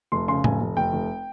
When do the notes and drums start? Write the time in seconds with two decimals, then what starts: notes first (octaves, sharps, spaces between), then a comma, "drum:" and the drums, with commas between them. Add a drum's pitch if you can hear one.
0.12 F1 C6
0.28 C#3 C6
0.44 F1 G#5, drum: tom A2
0.61 F1
0.77 F1 G5
0.93 F1